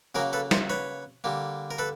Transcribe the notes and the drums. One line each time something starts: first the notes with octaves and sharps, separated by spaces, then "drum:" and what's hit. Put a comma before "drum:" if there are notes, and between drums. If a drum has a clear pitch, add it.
C#3 F#3 A#3 G#4 A#4
A4 B4
A#4 C5, drum: snare
B4 C#5
D3 G3 A#3
A#4
A4 B4